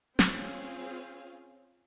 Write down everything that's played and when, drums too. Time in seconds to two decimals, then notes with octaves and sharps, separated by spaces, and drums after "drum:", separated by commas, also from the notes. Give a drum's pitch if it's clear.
0.19 C4 C#4 F4 G#4 F5, drum: snare